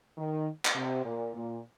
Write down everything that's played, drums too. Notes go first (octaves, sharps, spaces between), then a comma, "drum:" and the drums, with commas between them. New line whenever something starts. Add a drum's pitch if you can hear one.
D#3
drum: clap
C3
A#2
A#2